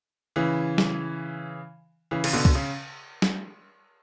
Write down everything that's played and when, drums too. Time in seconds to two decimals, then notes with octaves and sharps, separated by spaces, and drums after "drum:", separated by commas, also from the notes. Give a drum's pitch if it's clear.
0.36 C#3 E3
0.78 drum: snare
2.11 C#3 E3
2.24 C#3, drum: cymbal
2.33 B2 D3
2.45 drum: kick C2
2.55 C#3
3.22 drum: snare